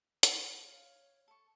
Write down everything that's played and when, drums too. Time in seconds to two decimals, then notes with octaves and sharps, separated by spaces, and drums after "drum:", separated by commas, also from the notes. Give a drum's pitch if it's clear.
0.23 B4, drum: hi-hat
0.68 C#5 F5
1.28 A4 A5 C#6